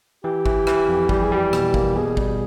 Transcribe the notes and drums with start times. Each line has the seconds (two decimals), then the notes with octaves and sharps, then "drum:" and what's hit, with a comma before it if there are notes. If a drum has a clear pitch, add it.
0.24 E3 G4
0.46 E3, drum: kick
0.67 E3, drum: rim click
0.89 F2
1.09 G3 G4, drum: kick
1.23 G#4
1.31 G3 G4
1.53 B2, drum: rim click
1.74 A#3, drum: kick
1.96 B2 G#4
2.17 G3, drum: kick